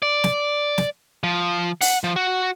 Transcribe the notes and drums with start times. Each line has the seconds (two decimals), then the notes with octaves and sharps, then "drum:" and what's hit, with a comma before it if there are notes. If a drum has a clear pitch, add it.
0.02 D5
0.24 drum: snare
0.78 drum: snare
1.24 F3
1.81 F#5, drum: open hi-hat
2.04 F3
2.16 F#4